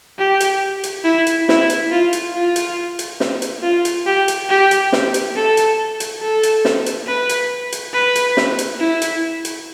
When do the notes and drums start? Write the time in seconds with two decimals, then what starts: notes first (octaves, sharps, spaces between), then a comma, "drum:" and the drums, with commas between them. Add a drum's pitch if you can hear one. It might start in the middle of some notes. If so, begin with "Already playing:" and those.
0.19 G4
0.40 drum: hi-hat
0.83 drum: hi-hat
1.04 E4
1.27 drum: hi-hat
1.49 E4, drum: snare
1.70 drum: hi-hat
1.92 F4
2.13 drum: hi-hat
2.34 F4
2.56 drum: hi-hat
2.99 drum: hi-hat
3.20 drum: snare
3.42 drum: hi-hat
3.63 F4
3.85 drum: hi-hat
4.06 G4
4.28 drum: hi-hat
4.50 G4
4.71 drum: hi-hat
4.93 drum: snare
5.14 drum: hi-hat
5.36 A4
5.57 drum: hi-hat
6.00 drum: hi-hat
6.22 A4
6.43 drum: hi-hat
6.65 drum: snare
6.86 drum: hi-hat
7.07 B4
7.29 drum: hi-hat
7.72 drum: hi-hat
7.93 B4
8.15 drum: hi-hat
8.37 drum: snare
8.59 drum: hi-hat
8.80 E4
9.02 drum: hi-hat
9.45 drum: hi-hat